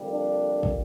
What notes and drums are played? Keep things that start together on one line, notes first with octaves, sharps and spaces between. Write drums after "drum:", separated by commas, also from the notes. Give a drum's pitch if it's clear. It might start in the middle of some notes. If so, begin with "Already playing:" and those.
Already playing: F2 D3 G3 A#3
D4
drum: kick